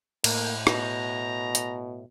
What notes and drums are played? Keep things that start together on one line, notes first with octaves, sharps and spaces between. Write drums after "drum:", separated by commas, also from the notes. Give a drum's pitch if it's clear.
A2 A#3, drum: cymbal
B2 A#5, drum: rim click
drum: hi-hat